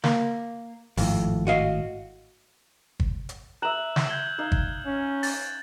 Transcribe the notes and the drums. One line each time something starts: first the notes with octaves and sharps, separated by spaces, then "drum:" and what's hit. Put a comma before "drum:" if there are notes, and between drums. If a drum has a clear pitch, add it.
A#3, drum: snare
G#1 F2 A2, drum: open hi-hat
F#4 D#5 F5
drum: kick
drum: hi-hat
E5 A#5 F#6 E7 F#7
drum: snare
G6 G#6 G7
D#4 F5
drum: kick
C#4
A6, drum: open hi-hat